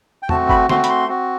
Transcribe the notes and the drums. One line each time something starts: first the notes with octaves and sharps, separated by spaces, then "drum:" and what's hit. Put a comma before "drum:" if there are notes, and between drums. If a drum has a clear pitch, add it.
G5
A3 C4 F#4 A5, drum: tom E2
B5, drum: kick
A3 C4 F#4 C6, drum: snare
B5, drum: hi-hat
C6
C4 F#4